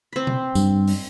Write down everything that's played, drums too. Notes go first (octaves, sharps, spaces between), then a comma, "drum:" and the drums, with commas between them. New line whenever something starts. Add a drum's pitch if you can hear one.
C4 B5
drum: tom B2
G2, drum: tambourine
drum: open hi-hat